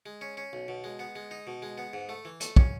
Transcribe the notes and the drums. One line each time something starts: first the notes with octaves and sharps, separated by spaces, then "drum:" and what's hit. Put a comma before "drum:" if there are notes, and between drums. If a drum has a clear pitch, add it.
G#3
C#4
C#4
B1
B2
G#3
B3
G#3
D#4
B2
G#3
B3
G#2
A3
E3
A3, drum: hi-hat
C#4, drum: kick